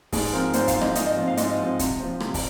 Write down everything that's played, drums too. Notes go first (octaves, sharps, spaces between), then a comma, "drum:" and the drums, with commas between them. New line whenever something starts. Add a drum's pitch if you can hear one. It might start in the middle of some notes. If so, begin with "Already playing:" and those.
G#2 G#4, drum: kick, open hi-hat
F3 C4 A#4
G#2 C5, drum: hi-hat
F5, drum: kick, hi-hat
F3 C4
D#5, drum: rim click
G#2 D#5, drum: hi-hat
D#5
F3 C4
F5
G#2 D#5, drum: hi-hat
F3 C4
C3, drum: kick, hi-hat
F3 C4
C3, drum: rim click
drum: kick, open hi-hat